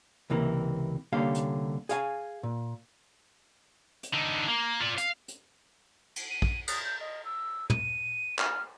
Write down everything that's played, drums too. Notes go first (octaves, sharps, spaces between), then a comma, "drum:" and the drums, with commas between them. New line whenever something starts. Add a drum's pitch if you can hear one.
C#2 C3 E3 A#3
C2 D3 A#3 C#4 G4 F5
drum: hi-hat
G#4 F5 G#5, drum: hi-hat
A#2
drum: hi-hat
D3 D#4
A#3
F4 D5
F5, drum: hi-hat
drum: hi-hat
drum: cymbal
D#7
drum: kick
D#6, drum: cymbal
G6
D#5
E6
D#7, drum: tom
F6, drum: clap